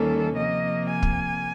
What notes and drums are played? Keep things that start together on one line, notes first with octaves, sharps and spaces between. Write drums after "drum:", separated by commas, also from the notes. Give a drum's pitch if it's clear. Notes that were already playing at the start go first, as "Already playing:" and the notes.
Already playing: D#2 D#3 G3 A#3 C#4 A4
C3 F3 A#3 D#5
G#5
drum: kick